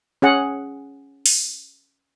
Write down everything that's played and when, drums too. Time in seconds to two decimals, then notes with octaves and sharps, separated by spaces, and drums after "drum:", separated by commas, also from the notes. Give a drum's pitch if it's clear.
0.22 C#4 G#4 F#5
1.26 drum: open hi-hat